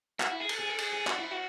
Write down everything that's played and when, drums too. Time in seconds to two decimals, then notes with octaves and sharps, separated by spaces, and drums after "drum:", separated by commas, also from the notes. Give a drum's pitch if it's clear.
0.20 F#4, drum: clap
0.30 E4
0.40 G#4
0.49 A4, drum: cymbal
0.60 G#4
0.69 A4
0.78 G#4, drum: cymbal
0.93 G#4
1.07 F#4, drum: clap
1.19 E4
1.31 F#4